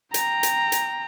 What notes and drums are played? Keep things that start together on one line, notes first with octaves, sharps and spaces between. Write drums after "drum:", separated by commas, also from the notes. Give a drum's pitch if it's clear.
G5 A#5, drum: hi-hat
drum: hi-hat
drum: hi-hat